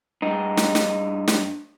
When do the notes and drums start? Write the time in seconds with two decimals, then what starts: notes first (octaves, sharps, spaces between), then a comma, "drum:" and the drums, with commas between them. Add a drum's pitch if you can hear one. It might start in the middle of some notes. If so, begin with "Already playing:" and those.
0.22 G2 D#4
0.57 drum: snare
0.75 drum: snare
1.28 drum: snare